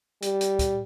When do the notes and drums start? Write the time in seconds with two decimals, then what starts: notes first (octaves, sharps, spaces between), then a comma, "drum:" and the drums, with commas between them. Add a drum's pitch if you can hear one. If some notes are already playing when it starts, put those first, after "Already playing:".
0.22 G3, drum: hi-hat
0.41 drum: hi-hat
0.59 drum: kick, hi-hat